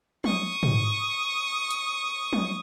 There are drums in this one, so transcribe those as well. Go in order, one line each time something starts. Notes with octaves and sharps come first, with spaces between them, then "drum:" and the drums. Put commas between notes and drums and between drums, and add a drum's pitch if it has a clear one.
C#6 D#6, drum: tom
drum: tom
drum: hi-hat
drum: tom